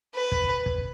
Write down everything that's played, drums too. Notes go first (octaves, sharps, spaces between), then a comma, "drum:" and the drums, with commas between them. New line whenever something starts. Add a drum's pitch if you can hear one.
B4
drum: kick
drum: kick